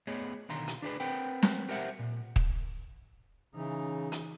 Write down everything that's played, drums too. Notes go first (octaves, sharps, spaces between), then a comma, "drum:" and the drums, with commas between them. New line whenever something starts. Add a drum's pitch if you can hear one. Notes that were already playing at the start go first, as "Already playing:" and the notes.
A3 B3 G#4 C#5 D#5
B1 D3 D#3 F5 A#5 C6
drum: hi-hat
D4 G4 G#4 B4
C4 A#4 B4 F#5 G5
drum: snare
G4 A#4 C5 E5 F#5
A#2
drum: kick
C#3 E3 D#4
drum: hi-hat